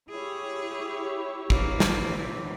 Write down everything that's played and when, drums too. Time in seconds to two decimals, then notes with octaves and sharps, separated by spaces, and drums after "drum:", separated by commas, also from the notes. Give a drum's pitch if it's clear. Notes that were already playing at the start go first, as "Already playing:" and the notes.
0.10 E4 G4 G#4 C#5
1.50 E3 A#3, drum: kick
1.80 drum: snare